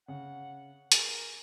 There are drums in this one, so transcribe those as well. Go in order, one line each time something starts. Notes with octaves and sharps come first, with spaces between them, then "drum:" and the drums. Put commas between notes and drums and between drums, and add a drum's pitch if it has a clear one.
C#3 F#5
G#4 A#4, drum: hi-hat